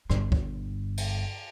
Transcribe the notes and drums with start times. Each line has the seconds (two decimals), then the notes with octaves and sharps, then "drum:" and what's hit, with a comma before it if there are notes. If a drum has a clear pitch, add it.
0.10 G1 G2, drum: rim click
0.32 drum: kick
0.97 drum: cymbal